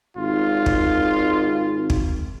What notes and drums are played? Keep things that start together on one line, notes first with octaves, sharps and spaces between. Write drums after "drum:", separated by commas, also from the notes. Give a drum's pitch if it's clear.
G#1 F4
drum: kick
drum: kick